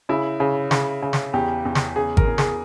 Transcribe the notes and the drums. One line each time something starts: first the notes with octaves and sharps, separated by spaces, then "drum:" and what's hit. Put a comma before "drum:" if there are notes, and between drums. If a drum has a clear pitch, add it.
C#3 E4
C#3
C#3, drum: snare
C#3
drum: snare
E2 G4
E2
drum: snare
C#3 G#4
A#4, drum: kick G#1
E2
G#4, drum: snare